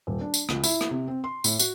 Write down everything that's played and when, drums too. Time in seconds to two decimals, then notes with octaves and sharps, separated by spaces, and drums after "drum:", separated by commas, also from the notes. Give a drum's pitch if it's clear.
0.07 D#1
0.21 D4
0.34 drum: tambourine
0.49 C#2, drum: rim click
0.64 E4, drum: tambourine
0.81 drum: rim click
0.91 C3
1.08 C4
1.24 C6
1.44 A2, drum: tambourine
1.59 F#4, drum: tambourine